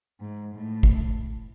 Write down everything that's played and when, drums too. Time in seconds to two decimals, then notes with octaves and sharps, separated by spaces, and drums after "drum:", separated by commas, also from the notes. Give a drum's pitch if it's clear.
0.20 G#2
0.55 A2
0.83 drum: kick